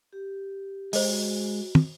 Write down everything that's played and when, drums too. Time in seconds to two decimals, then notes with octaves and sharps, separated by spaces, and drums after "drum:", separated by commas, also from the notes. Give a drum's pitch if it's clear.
0.13 G4
0.93 G#3 C5 D#5, drum: open hi-hat
1.07 F#4
1.75 drum: tom